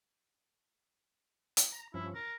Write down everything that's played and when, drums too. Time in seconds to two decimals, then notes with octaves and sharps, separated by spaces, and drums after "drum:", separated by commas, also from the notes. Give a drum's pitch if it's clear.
1.57 drum: hi-hat
1.72 A#5
1.94 G2 F3 C#4 E4
2.15 A#4 A6